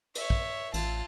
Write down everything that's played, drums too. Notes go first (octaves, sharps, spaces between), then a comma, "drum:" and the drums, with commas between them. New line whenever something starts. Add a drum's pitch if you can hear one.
C#5 E5, drum: cymbal
drum: kick
A1 F4 A5, drum: cymbal